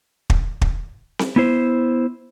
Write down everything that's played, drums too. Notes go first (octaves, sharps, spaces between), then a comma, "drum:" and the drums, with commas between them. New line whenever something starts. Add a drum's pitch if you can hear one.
drum: kick
drum: kick
drum: snare C4
B3 E4 C5